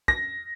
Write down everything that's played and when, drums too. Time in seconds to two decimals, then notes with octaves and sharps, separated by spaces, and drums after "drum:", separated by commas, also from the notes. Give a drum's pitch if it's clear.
0.08 A#6, drum: kick